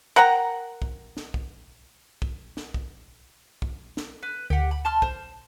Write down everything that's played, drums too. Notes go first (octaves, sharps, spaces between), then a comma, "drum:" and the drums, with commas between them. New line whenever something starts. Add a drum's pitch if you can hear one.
A#4 F#5 G5 A#5
drum: kick
drum: snare
drum: kick
drum: kick
drum: snare
drum: kick
drum: kick
drum: snare
B4
D2 G4 F#5
B5
A5 C6 F6
C5, drum: kick